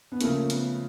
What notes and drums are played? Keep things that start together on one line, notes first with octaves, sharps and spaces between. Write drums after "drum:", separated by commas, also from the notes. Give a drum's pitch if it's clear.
B3
C#3 F3 A3 A#3 C#4, drum: hi-hat
B3, drum: hi-hat